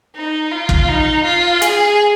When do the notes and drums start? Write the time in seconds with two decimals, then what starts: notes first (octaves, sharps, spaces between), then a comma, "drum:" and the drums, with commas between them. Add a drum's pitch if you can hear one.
0.16 D#4
0.52 F4
0.69 drum: kick
0.89 D#4
1.25 F4
1.62 G#4, drum: hi-hat